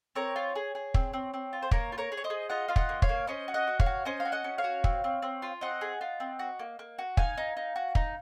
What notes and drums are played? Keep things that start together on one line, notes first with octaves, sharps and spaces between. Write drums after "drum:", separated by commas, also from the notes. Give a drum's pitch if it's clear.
C4 A#4 C#5
F4
G#4
G#4
C4, drum: kick
C4
C4
F4
C5
A#3 A#4 C#5, drum: kick
F4
A#4 C#5
G#4
C#5
C5 D#5
G#4
F4 D#5 F#5
F4 F5
D#5 F#5, drum: kick
A#3
C#5 F5, drum: kick
A#3
C#4 C5 D#5
F#4
D#5 F#5
F#4
C#5 F5, drum: kick
F#4
C#4 C5 D#5
F5
F#4
D#5 F#5
C#4
C#5 F5
F#4
C4, drum: kick
C4
C4
F4
C4 D#5 F#5
G#4
F4
C4
F#4
A#3
A#3
F#4
D#4 F5 G#5, drum: kick
D#4
D#4
F#4
D#4, drum: kick